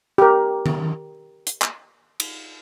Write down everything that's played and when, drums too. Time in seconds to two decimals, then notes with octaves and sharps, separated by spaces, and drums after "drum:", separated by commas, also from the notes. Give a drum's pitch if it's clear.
0.18 G4 A#4
0.66 drum: tom D#3
1.47 drum: hi-hat
1.62 drum: clap
2.20 drum: cymbal